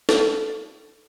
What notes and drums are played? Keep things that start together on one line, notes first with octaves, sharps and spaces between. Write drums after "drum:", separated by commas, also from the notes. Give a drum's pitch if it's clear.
A4, drum: snare